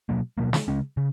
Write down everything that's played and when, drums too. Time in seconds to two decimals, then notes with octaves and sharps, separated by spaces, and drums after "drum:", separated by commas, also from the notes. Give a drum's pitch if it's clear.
0.09 B2 F#3 A#3
0.38 B2 F#3 A#3
0.53 drum: snare
0.68 C#3 G#3 C#4
0.97 C#3